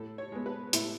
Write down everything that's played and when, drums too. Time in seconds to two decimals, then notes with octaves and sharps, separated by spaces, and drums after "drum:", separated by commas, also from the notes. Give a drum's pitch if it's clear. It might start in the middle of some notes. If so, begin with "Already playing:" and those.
Already playing: A2 A4
0.18 C#5
0.32 G#3 B3
0.46 B4
0.73 A2 E4, drum: hi-hat